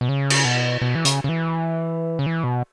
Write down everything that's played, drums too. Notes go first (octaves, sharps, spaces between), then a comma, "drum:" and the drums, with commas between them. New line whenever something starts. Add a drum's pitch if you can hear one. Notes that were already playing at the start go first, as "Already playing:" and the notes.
B2
C#3
drum: cymbal
B2
B2
E3
C#3, drum: hi-hat
C#3
E3
C#3
E3
B2